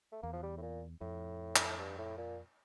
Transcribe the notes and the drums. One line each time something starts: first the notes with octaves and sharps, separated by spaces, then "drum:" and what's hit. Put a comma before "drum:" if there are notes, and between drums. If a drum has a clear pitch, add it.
A3
E2 A#3
F3
G3
A2
A#2
F2 A2
drum: clap
G2
A2
A#2